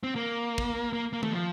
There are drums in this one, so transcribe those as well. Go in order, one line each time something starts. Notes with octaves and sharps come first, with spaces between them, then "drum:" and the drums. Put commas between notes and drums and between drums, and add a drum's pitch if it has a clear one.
C4
A#3
drum: kick
A#3
A#3
A3, drum: tom D#3
F3